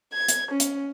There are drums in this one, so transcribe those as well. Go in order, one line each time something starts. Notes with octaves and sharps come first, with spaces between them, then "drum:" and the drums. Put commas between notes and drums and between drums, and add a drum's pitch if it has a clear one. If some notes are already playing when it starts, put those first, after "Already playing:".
G#6
drum: hi-hat
C#4
drum: hi-hat